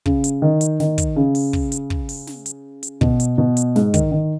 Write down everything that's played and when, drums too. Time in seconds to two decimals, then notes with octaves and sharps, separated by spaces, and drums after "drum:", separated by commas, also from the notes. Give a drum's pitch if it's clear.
0.06 C#3, drum: kick
0.24 drum: hi-hat
0.42 D#3
0.61 drum: hi-hat
0.80 D#3, drum: snare
0.98 drum: kick, hi-hat
1.16 C#3
1.35 drum: open hi-hat
1.53 drum: kick
1.72 drum: hi-hat
1.90 drum: kick
2.09 drum: open hi-hat
2.27 drum: snare
2.46 drum: hi-hat
2.83 drum: hi-hat
3.01 B2, drum: kick
3.20 drum: hi-hat
3.38 B2
3.57 drum: hi-hat
3.76 G#2, drum: snare
3.94 D#3, drum: kick, hi-hat
4.12 D#3